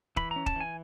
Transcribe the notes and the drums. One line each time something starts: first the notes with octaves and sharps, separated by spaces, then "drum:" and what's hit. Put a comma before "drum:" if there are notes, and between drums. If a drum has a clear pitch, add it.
E3 B5, drum: kick
A#5
C#4
A5, drum: kick
E3 G#5